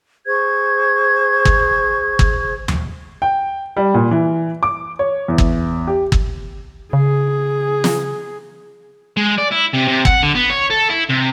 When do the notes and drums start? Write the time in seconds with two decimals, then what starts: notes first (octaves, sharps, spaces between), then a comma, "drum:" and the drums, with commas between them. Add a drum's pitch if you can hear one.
0.26 G#4 C5 C#6 G#6
1.45 drum: kick G1
2.19 drum: kick G1
2.68 drum: tom D#2
3.22 G5
3.77 G3
3.94 A#2
4.11 E3
4.63 D6
4.99 C#5
5.28 E2
5.38 drum: kick G1
5.87 G4
6.12 drum: kick G1
6.93 C#3 G#4
7.84 drum: snare
9.17 G#3
9.38 D5
9.51 E4
9.73 C3
9.88 C3
10.05 F#5, drum: kick G1
10.23 D3
10.35 B3
10.50 C#5
10.70 A4
10.90 E4
11.10 C3